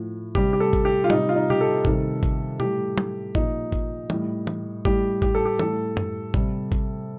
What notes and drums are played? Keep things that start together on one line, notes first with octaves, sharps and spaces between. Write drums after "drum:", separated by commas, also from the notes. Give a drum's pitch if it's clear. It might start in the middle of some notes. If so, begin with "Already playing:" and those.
Already playing: A2 F3
C3 G3 G4, drum: kick G#1
G4
A4
drum: kick G#1
G4
F4
C3 G3 D#4, drum: tom
F4
D#4
G4, drum: tom B2
A4
C3 D#3 G3, drum: kick G#1
drum: kick G#1
A2 G3 G4, drum: tom B2
drum: tom
A#2 F3 D#4, drum: kick G#1
drum: kick G#1
A2 G3, drum: tom E3
drum: tom E3
A2 G3 G4, drum: kick G#1
G4, drum: kick G#1
A4
G4
A2 G3 A4, drum: tom E3
drum: tom
C3 G3, drum: kick G#1
drum: kick G#1